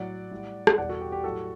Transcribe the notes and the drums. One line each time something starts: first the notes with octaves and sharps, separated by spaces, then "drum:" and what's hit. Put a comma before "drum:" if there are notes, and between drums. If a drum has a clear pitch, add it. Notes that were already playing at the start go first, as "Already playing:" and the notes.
Already playing: A2 F#3 D5 F#5
A2 G3
drum: rim click
E2 B2 G3 D5 F#5
F#4 A4
G4
G4
A2 F#3 F#4 A4